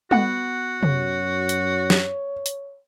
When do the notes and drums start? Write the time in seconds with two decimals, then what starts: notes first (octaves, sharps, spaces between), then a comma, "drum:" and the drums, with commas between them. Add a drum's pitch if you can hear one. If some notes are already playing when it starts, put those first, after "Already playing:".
0.11 B3 F#4 F#5, drum: tom G3
0.83 F#2 C#5, drum: tom C3
1.49 drum: hi-hat
1.90 drum: snare
2.46 drum: hi-hat